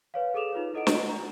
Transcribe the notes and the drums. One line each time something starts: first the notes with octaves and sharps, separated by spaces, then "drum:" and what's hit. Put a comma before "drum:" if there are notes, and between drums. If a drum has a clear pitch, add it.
B4 C#5 F5
G#4 A4 D6 E7 F7
D#4 F4 B4 C#5
E4 A4 D#5 F#5 D7
drum: snare
D4 A#5